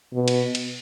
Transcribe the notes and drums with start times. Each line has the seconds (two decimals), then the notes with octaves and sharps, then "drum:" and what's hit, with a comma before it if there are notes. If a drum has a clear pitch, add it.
0.13 B2
0.28 drum: cymbal
0.55 drum: cymbal